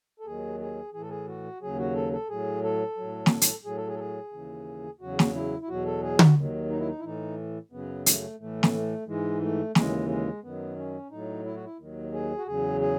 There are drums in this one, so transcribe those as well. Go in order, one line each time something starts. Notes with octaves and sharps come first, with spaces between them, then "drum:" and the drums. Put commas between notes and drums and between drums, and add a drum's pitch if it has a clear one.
A4
D#2 D#3 F#3 G#4
G#4
A2 E3 G#4
A4
G#4
F#4
D#2 C#3 F#3 G#4
F#4
A4
A4
A2 F#3 G#4
A4
A2 F#3
drum: snare
drum: hi-hat
A2 F#3 G#4
A4
G#4
A4
G#4
D#2 C#3 E3
E2 C#3 F#3 F#4
drum: snare
E4
E4
E2 B2 F#3 F#4
A4
G#4
F#4, drum: tom D3
D#2 D#3 F#3
D#4
E4
D#4
E4
A2 E3 D#4
F#2 C#3 F#3 B3
A3, drum: hi-hat
A2 E3 A3
drum: snare
A3
G#2 E3 G#3
A3
D#2 C#3 E3 G#3, drum: snare
G#3
F#2 D#3 F#3 B3
C#4
A2 F#3 D#4
E4
F#4
E4
D#2 D#3 F#3
G#4
F#4
E2 C#3 F#3 G#4
G#4